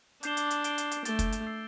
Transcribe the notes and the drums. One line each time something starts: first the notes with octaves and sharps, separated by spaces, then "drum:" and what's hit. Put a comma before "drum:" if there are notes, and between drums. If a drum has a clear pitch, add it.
D4 D6 G6 C7 E7 G7, drum: hi-hat
drum: hi-hat
drum: hi-hat
G6 D7 G7, drum: hi-hat
drum: hi-hat
drum: hi-hat
A3 D6 A6 C7 G7, drum: hi-hat
drum: kick, hi-hat
drum: hi-hat
E6 A6 C7